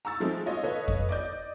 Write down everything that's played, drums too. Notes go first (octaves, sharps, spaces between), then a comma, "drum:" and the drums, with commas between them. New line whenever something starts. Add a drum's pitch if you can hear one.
A#5 C#6 E6 A6
F3 G#3 A3 C4 D#4
F4 C#5 D#5
A4 B4 C#5 D#5 F5
drum: kick F2
D5 D#5 G6